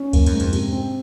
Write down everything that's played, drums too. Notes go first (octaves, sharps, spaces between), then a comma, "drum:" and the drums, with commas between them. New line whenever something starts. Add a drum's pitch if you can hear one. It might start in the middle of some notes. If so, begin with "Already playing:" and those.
Already playing: C#4
F#2 A#3, drum: kick C#2, cymbal
F#2, drum: cymbal
G#2
F2, drum: cymbal
C3, drum: cymbal
C4